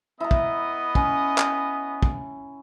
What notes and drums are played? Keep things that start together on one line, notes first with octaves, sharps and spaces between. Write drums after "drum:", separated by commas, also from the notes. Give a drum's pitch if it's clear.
B3 E4 D#5 A#5
drum: kick
C#4, drum: kick
drum: clap
drum: kick